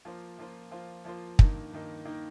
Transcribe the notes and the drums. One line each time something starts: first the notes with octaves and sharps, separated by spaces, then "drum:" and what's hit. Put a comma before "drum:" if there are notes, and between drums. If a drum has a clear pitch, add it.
F3 A#3 F4 C5
F3 A#3 F4 C5
F3 A#3 F4 C5
F3 A#3 F4 C5
G2 D#3 A#3 D#4, drum: kick
G2 D#3 A#3 D#4
D#3 A#3 D#4